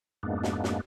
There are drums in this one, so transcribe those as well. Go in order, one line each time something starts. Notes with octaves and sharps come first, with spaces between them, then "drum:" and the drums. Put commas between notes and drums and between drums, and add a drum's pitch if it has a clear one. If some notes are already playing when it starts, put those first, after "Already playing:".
F2 G#2 G#3 A#3 B3 D4
drum: snare
drum: snare